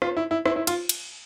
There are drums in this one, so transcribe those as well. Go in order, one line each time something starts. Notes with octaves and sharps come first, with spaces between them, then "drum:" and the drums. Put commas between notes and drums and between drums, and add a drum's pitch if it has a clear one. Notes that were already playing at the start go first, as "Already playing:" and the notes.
F4, drum: rim click
E4
E4
E4, drum: rim click
E4
F4, drum: cymbal
drum: cymbal